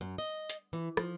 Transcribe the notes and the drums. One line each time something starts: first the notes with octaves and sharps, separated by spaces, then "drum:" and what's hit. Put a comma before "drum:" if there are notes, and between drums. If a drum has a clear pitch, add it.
F#2
D#5
drum: hi-hat
E3
F3, drum: rim click